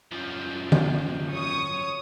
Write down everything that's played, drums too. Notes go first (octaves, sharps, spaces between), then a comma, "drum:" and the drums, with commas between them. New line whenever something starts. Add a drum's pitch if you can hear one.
F#2 F3
drum: tom
C#5 C#6 D#6